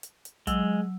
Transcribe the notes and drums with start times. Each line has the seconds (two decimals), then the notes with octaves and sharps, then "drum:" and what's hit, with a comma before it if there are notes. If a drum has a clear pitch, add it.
0.03 drum: hi-hat
0.25 drum: hi-hat
0.47 F#3 G#3 E6, drum: kick, hi-hat